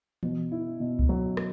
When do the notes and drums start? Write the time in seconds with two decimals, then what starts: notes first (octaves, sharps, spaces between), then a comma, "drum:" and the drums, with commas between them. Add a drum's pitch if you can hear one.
0.23 B2, drum: tom E3
0.52 E4
0.80 B2
0.99 drum: kick C2
1.09 F#3
1.37 drum: rim click